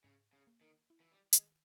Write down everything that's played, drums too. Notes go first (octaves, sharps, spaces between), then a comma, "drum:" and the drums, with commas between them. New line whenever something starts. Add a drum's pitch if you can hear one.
G#2 C#3
C#3
A#3
D#3
E4
E3
G3
D#3 G#3, drum: hi-hat